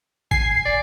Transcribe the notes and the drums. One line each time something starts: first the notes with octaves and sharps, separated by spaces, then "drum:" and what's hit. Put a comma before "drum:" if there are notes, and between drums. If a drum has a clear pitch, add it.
G#5 C7, drum: kick G1
D5